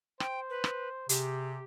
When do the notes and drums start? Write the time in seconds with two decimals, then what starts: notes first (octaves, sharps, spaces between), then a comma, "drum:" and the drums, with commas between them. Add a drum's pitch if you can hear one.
0.20 C5 G5, drum: rim click
0.50 B4
0.64 drum: rim click
1.09 C3 G4 G#4, drum: hi-hat